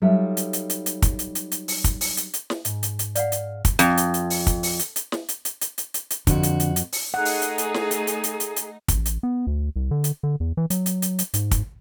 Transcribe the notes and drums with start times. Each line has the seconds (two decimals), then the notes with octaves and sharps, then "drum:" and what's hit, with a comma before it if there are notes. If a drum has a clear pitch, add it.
0.02 F#3 G3 D#4 F4 A4 E5
0.37 drum: hi-hat
0.53 drum: hi-hat
0.70 drum: hi-hat
0.86 drum: hi-hat
1.02 drum: kick, hi-hat
1.19 drum: hi-hat
1.35 drum: hi-hat
1.52 drum: hi-hat
1.68 drum: open hi-hat
1.84 drum: kick, hi-hat
2.01 drum: open hi-hat
2.17 drum: hi-hat
2.33 drum: hi-hat
2.50 drum: snare
2.65 G#2, drum: hi-hat
2.83 drum: hi-hat
2.99 drum: hi-hat
3.15 D5 F5 F#5 F6, drum: hi-hat
3.32 drum: hi-hat
3.65 drum: kick, hi-hat
3.79 F2, drum: hi-hat
3.97 drum: hi-hat
4.14 drum: hi-hat
4.30 drum: open hi-hat
4.47 drum: kick, hi-hat
4.63 drum: open hi-hat
4.79 drum: hi-hat
4.96 drum: hi-hat
5.12 drum: snare
5.29 drum: hi-hat
5.45 drum: hi-hat
5.61 drum: hi-hat
5.78 drum: hi-hat
5.94 drum: hi-hat
6.10 drum: hi-hat
6.27 F2 D3 F#4, drum: kick, hi-hat
6.43 drum: hi-hat
6.60 drum: hi-hat
6.76 drum: hi-hat
6.92 drum: open hi-hat
7.14 A3 D#4 G#4 F#5
7.25 drum: open hi-hat
7.42 drum: hi-hat
7.58 drum: hi-hat
7.74 drum: snare
7.91 drum: hi-hat
8.07 drum: hi-hat
8.24 drum: hi-hat
8.40 drum: hi-hat
8.56 drum: hi-hat
8.88 A1, drum: kick, hi-hat
9.06 drum: hi-hat
9.23 B3
9.47 D2
9.76 C2
9.91 D3
10.04 drum: hi-hat
10.23 D3
10.40 E2
10.57 E3
10.70 F#3, drum: hi-hat
10.86 drum: hi-hat
11.02 drum: hi-hat
11.19 drum: hi-hat
11.34 G#2, drum: hi-hat
11.51 drum: kick, hi-hat